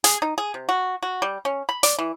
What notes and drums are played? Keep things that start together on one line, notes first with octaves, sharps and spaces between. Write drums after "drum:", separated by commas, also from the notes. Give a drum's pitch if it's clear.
G#4, drum: hi-hat
D#4
G#4
C3
F#4
F#4
G3
C#4
B5
D5, drum: hi-hat
E3